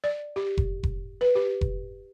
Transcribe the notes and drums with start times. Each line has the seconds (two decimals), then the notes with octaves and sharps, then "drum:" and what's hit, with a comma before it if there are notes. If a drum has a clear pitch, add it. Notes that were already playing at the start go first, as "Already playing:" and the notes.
0.04 D5
0.36 G4
0.58 drum: kick F1
0.83 drum: kick F1
1.21 B4
1.35 G4
1.61 drum: kick F1